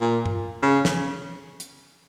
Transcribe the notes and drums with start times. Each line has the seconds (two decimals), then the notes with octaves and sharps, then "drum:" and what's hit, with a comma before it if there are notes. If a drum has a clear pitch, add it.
0.01 A#2
0.26 drum: tom G2
0.62 C#3
0.85 drum: snare
1.60 drum: hi-hat